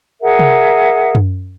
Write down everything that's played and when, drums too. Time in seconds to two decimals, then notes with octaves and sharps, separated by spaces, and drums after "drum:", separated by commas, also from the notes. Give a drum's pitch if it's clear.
0.21 G#4 A#4 E5 F#5
0.39 drum: tom C3
1.15 drum: tom F#2